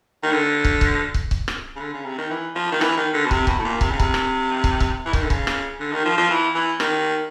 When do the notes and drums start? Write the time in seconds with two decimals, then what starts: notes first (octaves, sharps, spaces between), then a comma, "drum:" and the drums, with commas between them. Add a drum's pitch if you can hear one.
0.23 D#3
0.32 D3
0.65 drum: kick
0.81 drum: kick
1.14 drum: kick
1.31 drum: kick
1.48 drum: rim click
1.76 C#3
1.80 D3
1.94 C#3
2.05 C3
2.18 D#3
2.30 E3
2.55 F3
2.72 D#3
2.81 E3, drum: rim click
2.97 D#3
3.14 D3
3.26 B2
3.31 C3, drum: kick
3.47 B2, drum: kick
3.59 A2
3.64 A#2
3.81 C3, drum: kick
3.90 C#3
4.00 C3, drum: kick
4.14 drum: rim click
4.64 drum: kick
4.80 drum: kick
5.06 E3
5.13 D#3, drum: kick
5.22 D3
5.30 C#3, drum: kick
5.47 drum: rim click
5.80 D3
5.92 D#3
6.05 F3
6.17 F3
6.30 E3
6.55 E3
6.80 D#3, drum: rim click